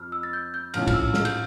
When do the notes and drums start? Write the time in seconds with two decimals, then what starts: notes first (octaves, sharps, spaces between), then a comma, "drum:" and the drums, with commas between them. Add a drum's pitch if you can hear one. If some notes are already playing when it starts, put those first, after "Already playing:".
Already playing: F2 F6
0.12 E6
0.23 A6
0.33 G6
0.54 G6
0.74 A#1 A2 F3 C#4 F6, drum: cymbal
0.87 F6, drum: kick, cymbal
0.94 E6
1.14 F6, drum: snare
1.25 G6, drum: cymbal